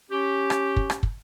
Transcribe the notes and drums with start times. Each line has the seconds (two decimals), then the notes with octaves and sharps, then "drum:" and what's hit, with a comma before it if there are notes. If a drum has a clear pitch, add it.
0.10 C#4 G4
0.50 drum: rim click
0.76 drum: kick
0.90 drum: rim click
1.03 drum: kick